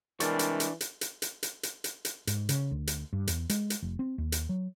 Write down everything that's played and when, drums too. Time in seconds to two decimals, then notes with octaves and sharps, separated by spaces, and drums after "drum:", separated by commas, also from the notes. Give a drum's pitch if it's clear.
0.20 C3 E3 G3 G#3 D4 A#4 D5 C#6, drum: hi-hat
0.39 drum: hi-hat
0.60 drum: hi-hat
0.81 drum: hi-hat
1.01 drum: hi-hat
1.22 drum: hi-hat
1.43 drum: hi-hat
1.63 drum: hi-hat
1.84 drum: hi-hat
2.05 drum: hi-hat
2.27 G#2, drum: hi-hat
2.49 C#3, drum: hi-hat
2.71 D2
2.87 drum: hi-hat
3.13 G2
3.27 E2, drum: hi-hat
3.49 G#3, drum: hi-hat
3.70 drum: hi-hat
3.82 F1
3.99 C4
4.18 D#2
4.32 drum: hi-hat
4.49 F#3